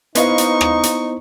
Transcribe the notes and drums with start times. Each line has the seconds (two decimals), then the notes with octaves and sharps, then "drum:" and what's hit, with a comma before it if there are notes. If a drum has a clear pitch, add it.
0.15 B3 D#4 E4 B4 C5 D#5 F5 C#6, drum: hi-hat
0.38 drum: hi-hat
0.61 drum: rim click
0.83 drum: hi-hat